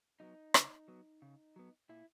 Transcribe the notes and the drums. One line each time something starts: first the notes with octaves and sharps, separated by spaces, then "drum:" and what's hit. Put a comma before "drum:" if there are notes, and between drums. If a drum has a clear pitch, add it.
F#3 B3 D#4
C#3, drum: rim click
F#3 B3
C#3
F#3 B3
A#2 E4